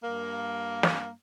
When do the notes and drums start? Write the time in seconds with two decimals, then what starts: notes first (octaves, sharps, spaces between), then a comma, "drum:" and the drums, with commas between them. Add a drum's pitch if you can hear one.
0.04 G2 A#3
0.83 drum: snare